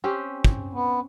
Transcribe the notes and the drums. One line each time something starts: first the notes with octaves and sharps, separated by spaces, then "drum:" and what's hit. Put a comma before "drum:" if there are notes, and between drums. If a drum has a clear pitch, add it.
C4 C#4 G4
drum: kick
B3